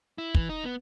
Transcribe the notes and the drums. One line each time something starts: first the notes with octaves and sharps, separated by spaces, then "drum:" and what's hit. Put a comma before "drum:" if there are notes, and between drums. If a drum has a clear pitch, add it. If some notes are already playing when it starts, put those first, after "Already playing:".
E4
E3, drum: kick
D#4
B3